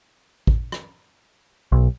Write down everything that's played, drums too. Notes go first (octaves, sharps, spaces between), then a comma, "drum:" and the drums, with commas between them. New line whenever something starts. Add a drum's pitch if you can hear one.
drum: kick
drum: rim click
B1